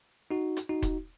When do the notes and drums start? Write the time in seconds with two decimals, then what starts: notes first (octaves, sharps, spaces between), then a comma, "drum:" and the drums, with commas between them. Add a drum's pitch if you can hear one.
0.31 D#4 F#4
0.57 drum: hi-hat
0.69 D#4 F#4
0.82 drum: kick E1, hi-hat